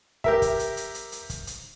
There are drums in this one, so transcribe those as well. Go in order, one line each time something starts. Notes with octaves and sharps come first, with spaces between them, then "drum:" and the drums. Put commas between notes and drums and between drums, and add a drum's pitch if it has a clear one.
G4 A#4 E5, drum: kick
drum: kick, hi-hat
drum: hi-hat
drum: hi-hat
drum: hi-hat
drum: hi-hat
drum: kick, hi-hat
drum: hi-hat